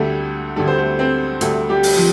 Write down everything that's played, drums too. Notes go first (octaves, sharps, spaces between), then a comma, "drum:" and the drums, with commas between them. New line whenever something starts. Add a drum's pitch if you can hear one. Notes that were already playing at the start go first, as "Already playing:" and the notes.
Already playing: D2 D3 G3 A3 G4 A4
D2 D3 G3 A4
C5
A3 A4
C4 C5
D2 C3 G3 A3 A4, drum: hi-hat
G3 G4
drum: open hi-hat
F3